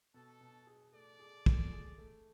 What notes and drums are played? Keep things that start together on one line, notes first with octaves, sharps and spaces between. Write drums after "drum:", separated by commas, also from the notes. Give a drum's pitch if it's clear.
B2 A4
B2
G#4
A3 D5
G#4
A3, drum: kick
G#4
A3